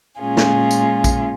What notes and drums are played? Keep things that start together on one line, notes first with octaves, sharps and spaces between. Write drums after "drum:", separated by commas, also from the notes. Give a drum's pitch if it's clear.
A#2 G#3 C#4 F4 G#4
drum: snare
drum: tambourine
drum: kick A#1, tambourine